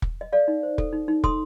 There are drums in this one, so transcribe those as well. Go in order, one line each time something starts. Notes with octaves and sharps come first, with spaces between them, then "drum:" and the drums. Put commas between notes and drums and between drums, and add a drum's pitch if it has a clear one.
drum: kick
D#5
A4 D5 F5
D#4
C5
A4, drum: kick
D#4
D#4
A4 C6 D#6, drum: kick